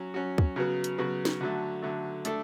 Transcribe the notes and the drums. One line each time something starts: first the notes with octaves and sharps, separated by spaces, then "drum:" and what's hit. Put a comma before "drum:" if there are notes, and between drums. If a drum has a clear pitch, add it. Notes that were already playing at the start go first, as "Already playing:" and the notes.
Already playing: F#3 C#4 F#4
F#3 C#4 F#4
drum: kick
C#3 F#3 B3 F#4
drum: hi-hat
C#3 F#3 B3 F#4
drum: snare
D3 F#3 A3
D3 F#3 A3
A3 D4 A4, drum: hi-hat